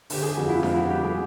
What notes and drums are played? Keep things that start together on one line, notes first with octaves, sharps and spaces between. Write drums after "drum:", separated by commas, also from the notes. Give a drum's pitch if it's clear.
D3 G4, drum: open hi-hat
G#4
F2 F#4
F4
E4
F2 F4, drum: snare D4
F#4
G3 G4
G#4